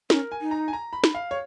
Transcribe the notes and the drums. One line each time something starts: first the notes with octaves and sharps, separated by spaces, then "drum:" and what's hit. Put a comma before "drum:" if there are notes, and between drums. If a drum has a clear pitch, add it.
C#4 A#4, drum: snare
G#5
D#4
A#5
G#5
A#5
B5
drum: snare
F5
C#5